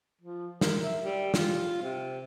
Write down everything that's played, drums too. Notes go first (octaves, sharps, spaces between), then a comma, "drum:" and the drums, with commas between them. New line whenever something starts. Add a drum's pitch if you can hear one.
F3
A#4, drum: snare
E5
G3
F4, drum: snare
C3